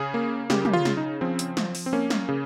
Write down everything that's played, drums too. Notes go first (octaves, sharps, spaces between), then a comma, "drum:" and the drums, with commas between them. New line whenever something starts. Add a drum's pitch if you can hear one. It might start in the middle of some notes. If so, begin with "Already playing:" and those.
Already playing: C#3 G#4
A#3
C#3 G4, drum: snare
G4, drum: tom
F4
C#3, drum: snare
D#4
F3 C4
drum: hi-hat
F3, drum: snare
drum: open hi-hat
C4
A#3 C#4
drum: snare
C#3